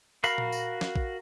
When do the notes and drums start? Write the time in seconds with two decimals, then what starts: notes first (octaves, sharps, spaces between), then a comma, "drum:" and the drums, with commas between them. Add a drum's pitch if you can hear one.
0.24 F#4 A#4 F5 B5, drum: tambourine
0.38 drum: tom A#2
0.52 drum: tambourine
0.81 drum: snare
0.96 drum: kick A#1